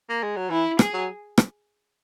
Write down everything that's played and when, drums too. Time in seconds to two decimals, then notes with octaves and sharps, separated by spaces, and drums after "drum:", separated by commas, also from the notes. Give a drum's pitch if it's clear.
0.10 A#3
0.23 G#3
0.37 F#3
0.50 E3 E4
0.79 G#4, drum: rim click
0.94 F#3
1.38 drum: rim click